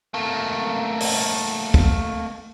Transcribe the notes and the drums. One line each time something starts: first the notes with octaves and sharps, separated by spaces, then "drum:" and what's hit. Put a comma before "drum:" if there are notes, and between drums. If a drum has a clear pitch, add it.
A3 A#3
drum: open hi-hat
drum: kick